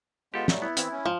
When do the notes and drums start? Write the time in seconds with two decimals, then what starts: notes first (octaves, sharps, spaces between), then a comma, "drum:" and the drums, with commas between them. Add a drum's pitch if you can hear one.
0.34 G#3 B3 F4 G4 A4 E5
0.48 F#3 G3 A3, drum: snare
0.62 B3 E4
0.77 E3 C4, drum: hi-hat
0.91 C#4
1.06 G#2 F3